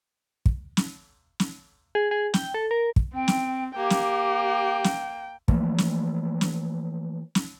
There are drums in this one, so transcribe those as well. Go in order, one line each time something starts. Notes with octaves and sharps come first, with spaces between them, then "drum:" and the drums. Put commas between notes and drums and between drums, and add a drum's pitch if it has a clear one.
drum: kick
drum: snare
drum: snare
G#4
G#4
G5, drum: snare
A4
A#4
drum: kick
C4 G5
drum: snare
A#3 G4 G5
drum: snare
drum: snare
E3 F3 A3 A#3, drum: kick
drum: snare
drum: snare
drum: snare